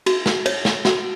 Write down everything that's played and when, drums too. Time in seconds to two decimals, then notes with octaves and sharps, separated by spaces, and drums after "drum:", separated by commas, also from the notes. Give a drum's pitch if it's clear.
0.06 F#4, drum: cymbal
0.26 drum: snare
0.46 C#5, drum: cymbal
0.65 drum: snare
0.85 F#4, drum: snare